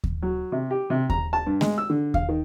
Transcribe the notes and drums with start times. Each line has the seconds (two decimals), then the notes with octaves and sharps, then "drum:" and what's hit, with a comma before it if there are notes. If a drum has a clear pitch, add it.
0.04 drum: kick D#2
0.22 F#3
0.52 C3
0.71 G4
0.90 C3
1.10 A#5, drum: kick D#2
1.33 A5
1.46 G2
1.61 G#3, drum: snare A3
1.78 E6
1.90 D3
2.14 F5, drum: kick D#2
2.29 D#3